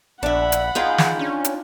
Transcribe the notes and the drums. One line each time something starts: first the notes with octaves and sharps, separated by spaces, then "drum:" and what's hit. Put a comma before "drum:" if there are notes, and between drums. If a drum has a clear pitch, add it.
A#1 D4 E5 F#5 B5
drum: hi-hat
D#4 F4 G#4 G5
drum: snare
C#4 D4
drum: hi-hat